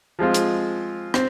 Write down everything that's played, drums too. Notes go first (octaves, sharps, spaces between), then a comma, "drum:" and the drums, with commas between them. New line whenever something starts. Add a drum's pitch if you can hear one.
F3 G#3 C4 F4
drum: hi-hat
C4, drum: rim click